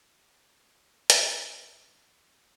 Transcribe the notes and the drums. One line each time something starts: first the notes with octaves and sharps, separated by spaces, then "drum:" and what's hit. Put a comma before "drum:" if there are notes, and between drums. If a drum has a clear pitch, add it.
C3 G#3 B3 C5
D5
D5
drum: hi-hat
G#4
D3 A3 E4
G#4